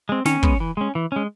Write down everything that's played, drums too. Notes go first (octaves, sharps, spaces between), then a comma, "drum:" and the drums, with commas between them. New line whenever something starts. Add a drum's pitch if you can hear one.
G#3 C4
D#3 C#4 C#5, drum: snare
G#3 B3, drum: kick
E3
G#3 C#4
E3
G#3 C#4